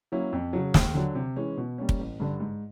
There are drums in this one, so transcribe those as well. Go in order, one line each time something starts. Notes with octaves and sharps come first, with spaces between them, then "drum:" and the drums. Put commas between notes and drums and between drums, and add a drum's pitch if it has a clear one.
F#3 A#3 C#4 E4
F2
C#3 F#3
D#2, drum: snare
D3 F#3
C3
E3 G#3 C#4
B2
G3 A#3 C#4
drum: kick
A1
G2 D3
G#2